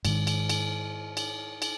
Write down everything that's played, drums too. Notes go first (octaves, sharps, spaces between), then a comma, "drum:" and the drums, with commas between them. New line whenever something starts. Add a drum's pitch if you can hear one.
G#2 D#3, drum: cymbal
drum: cymbal
drum: cymbal
drum: cymbal
drum: cymbal